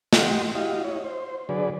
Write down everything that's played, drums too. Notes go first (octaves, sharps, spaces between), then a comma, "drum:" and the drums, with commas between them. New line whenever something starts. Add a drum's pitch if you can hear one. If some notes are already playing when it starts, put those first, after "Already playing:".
G4 D#5 F#5 G5 C6, drum: snare
E4 F#4 G4 D#5 F5
E4 C#5
C5
D3 F#3 G#4 B4 D5